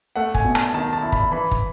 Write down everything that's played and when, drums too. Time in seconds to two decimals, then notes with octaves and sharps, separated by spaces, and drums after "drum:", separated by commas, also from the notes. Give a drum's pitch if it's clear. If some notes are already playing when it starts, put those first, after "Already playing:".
0.16 A3 F#5
0.35 G#5, drum: kick
0.45 B2
0.55 A5, drum: rim click
0.74 D#3 A5
0.93 A5
1.02 E4
1.12 B5, drum: kick
1.31 E3 B5
1.51 drum: kick